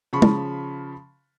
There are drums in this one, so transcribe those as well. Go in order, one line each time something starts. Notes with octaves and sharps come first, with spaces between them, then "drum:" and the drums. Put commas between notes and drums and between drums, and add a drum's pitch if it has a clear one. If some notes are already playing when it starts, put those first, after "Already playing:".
C#3 F3 B5 C#6
drum: tom